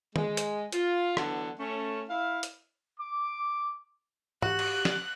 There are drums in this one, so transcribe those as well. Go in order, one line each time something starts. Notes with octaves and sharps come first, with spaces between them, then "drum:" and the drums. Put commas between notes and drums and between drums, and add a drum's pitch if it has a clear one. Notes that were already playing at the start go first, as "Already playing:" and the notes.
G#3, drum: tom D#3
drum: hi-hat
F4, drum: hi-hat
D3 E3 F#3 B3 D4, drum: rim click
A3 C#4
E4 F5
drum: hi-hat
D6
F#4 G4 F#6, drum: tom G#2
drum: cymbal
drum: snare